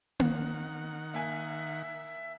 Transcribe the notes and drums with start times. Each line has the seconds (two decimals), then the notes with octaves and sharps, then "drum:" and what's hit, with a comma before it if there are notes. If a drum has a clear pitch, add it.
0.20 D#3 F#5, drum: tom A#3
1.14 A#3 E5 G#5